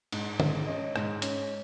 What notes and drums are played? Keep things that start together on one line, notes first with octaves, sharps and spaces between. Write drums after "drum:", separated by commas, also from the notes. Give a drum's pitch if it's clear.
G#2, drum: cymbal
G#2, drum: tom
C#4 D#5
G#2, drum: rim click
C#4, drum: hi-hat